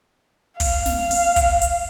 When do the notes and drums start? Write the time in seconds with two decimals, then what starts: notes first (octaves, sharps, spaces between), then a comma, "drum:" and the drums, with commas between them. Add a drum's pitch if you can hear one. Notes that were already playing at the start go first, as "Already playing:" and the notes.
0.60 F5, drum: kick, open hi-hat
0.86 drum: snare
1.11 drum: open hi-hat
1.36 drum: kick, hi-hat
1.61 drum: hi-hat